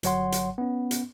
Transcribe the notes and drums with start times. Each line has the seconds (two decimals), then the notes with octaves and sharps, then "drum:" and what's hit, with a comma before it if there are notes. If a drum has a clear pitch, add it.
0.03 G1 F#3 C#5 F#5 C6, drum: hi-hat
0.32 drum: hi-hat
0.58 B3 C#4
0.91 drum: hi-hat